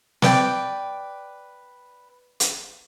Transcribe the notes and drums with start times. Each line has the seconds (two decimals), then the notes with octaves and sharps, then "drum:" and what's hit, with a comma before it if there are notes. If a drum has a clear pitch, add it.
0.22 B4 D5 G5 D6, drum: snare
2.40 drum: hi-hat